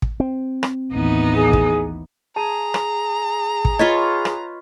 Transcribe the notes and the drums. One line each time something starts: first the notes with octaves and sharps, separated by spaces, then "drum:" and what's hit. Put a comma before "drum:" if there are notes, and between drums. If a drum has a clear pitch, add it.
drum: kick
C4
drum: rim click
A1 D#2 E3 B3 D#4
G#4
drum: kick
G#4 A5 A#5
drum: rim click
drum: kick
F4 B4 C#5 D#5
drum: rim click